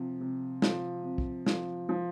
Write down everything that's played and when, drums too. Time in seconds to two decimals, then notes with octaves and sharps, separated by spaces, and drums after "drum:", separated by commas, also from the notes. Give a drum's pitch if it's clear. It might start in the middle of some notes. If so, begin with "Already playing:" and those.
Already playing: C3 F3
0.21 C3
0.62 F3, drum: snare
1.04 C3
1.18 drum: kick
1.46 F3, drum: snare
1.89 F3